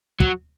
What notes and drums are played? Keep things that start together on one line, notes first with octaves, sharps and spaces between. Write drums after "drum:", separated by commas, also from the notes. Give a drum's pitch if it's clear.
F#3, drum: kick